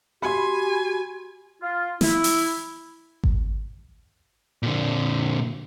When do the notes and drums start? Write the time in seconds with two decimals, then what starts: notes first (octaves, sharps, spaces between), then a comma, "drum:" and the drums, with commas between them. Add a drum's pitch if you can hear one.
0.22 F#4 G4 G#5 B5 C6
1.62 F4
2.01 E4, drum: snare
2.24 drum: open hi-hat
3.24 drum: kick G#1
4.63 A#2 D3